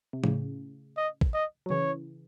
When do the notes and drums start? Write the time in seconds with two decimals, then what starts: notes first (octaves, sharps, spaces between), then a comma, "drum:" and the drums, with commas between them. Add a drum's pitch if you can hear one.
0.13 C3
0.24 A2 C#3, drum: tom F3
0.97 D#5
1.21 drum: kick A1
1.34 D#5
1.66 F#3
1.70 C#3 E3 C#5